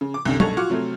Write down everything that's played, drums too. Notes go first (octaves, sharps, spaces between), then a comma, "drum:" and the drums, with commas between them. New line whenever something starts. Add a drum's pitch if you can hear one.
C#3
D6
C2 F#2 D3
B1 A4 C#6 G#6 F7, drum: tom F#3
F4 F#4 F#5 C#6 D6 F6
C3 F#3 A3 C4